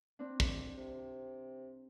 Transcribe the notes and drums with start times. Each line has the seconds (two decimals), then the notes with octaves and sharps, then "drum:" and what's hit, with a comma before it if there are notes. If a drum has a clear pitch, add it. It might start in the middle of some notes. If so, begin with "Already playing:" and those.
0.19 C4 D4
0.40 drum: kick
0.77 C3